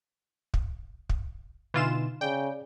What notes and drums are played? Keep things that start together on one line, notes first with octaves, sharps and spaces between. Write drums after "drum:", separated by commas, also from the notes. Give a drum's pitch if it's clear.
drum: kick
drum: kick
B2 D3 E3 D#4 F4 E7
C#3 D5 G5